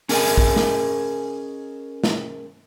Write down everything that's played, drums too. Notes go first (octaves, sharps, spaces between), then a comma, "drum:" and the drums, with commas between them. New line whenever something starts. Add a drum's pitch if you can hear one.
C#4 G#4 A#4 C#5 D#5 G#5, drum: open hi-hat
drum: kick
drum: snare
drum: snare